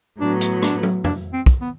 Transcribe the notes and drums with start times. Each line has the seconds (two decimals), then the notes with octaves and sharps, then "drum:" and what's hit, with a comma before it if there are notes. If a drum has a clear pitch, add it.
0.19 A2 F#3 B3 D4
0.41 drum: hi-hat
0.63 D4, drum: rim click
0.83 drum: tom
1.04 D4, drum: tom F2
1.33 C4
1.46 drum: kick
1.61 B3